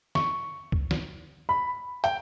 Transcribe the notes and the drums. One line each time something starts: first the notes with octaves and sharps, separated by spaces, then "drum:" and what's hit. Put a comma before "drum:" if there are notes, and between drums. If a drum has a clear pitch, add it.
C#6, drum: snare
drum: kick C#2
drum: snare
B5
G5, drum: hi-hat